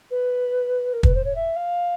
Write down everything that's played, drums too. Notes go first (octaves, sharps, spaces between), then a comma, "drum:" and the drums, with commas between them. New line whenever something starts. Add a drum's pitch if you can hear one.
B4
A#4
B4, drum: kick
C5
C#5
E5
F5